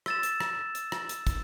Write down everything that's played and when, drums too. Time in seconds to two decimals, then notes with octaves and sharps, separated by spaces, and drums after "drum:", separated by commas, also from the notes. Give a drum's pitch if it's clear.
0.06 E6 A6 E7, drum: rim click
0.23 drum: hi-hat
0.40 drum: rim click
0.75 drum: hi-hat
0.92 drum: rim click
1.09 drum: hi-hat
1.27 drum: kick, hi-hat